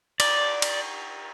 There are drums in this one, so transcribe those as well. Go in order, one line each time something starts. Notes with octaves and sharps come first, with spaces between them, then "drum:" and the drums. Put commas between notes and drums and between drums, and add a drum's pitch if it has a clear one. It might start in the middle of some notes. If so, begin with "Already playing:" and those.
D5, drum: cymbal
drum: cymbal